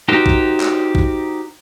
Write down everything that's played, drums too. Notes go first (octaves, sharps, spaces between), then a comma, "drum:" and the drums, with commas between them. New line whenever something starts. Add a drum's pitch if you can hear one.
D#4 F#4 G4 A#4 C5
drum: kick
drum: clap
drum: kick